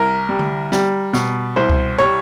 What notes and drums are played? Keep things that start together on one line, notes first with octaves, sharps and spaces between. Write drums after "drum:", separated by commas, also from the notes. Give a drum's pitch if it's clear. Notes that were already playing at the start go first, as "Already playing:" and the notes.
Already playing: C2 A#4
G3
drum: tom D3
G3, drum: snare
B2, drum: snare
C2 C5
drum: kick C#2
G3 C#5